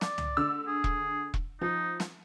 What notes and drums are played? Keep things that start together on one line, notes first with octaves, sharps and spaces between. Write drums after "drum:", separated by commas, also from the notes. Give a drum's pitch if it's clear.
D5, drum: snare
drum: tom
D3 E6
G#4
drum: kick E1
drum: kick E1
F3 D#4
drum: snare